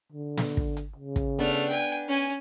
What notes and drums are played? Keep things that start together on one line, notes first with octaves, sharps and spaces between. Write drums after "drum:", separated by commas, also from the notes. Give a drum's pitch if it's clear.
D3
drum: snare
drum: kick
drum: hi-hat
C#3
drum: kick, hi-hat
A3 B3 D4 F6
drum: hi-hat
G5 G#5
C#4 G#5